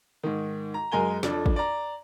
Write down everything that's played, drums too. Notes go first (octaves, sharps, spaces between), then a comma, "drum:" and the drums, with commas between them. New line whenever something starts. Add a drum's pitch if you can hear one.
G#2 D#3
A#5
F#2 G#3 A#4 G#5 G7
F2 D4 A4, drum: snare
drum: kick
D5 A#5